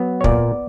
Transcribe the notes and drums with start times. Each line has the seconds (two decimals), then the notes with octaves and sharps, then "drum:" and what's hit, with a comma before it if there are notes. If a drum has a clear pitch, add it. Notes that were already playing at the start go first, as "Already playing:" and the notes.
Already playing: F#3 B3
0.21 C#5
0.24 A#2 D5, drum: kick